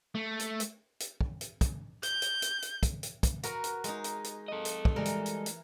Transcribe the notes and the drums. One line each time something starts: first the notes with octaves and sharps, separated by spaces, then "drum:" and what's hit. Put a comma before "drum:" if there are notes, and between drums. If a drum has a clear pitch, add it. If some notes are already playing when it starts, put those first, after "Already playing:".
A3
drum: hi-hat
drum: hi-hat
drum: hi-hat
drum: kick
drum: hi-hat
drum: kick, hi-hat
G6, drum: hi-hat
drum: hi-hat
drum: hi-hat
drum: hi-hat
drum: kick, hi-hat
drum: hi-hat
drum: kick, hi-hat
F#4 A#4 B4, drum: hi-hat
drum: hi-hat
G#3 D#4, drum: hi-hat
drum: hi-hat
drum: hi-hat
A4 D#5
drum: hi-hat
drum: kick
E3 G3 G#3 A#4
drum: hi-hat
drum: hi-hat
drum: hi-hat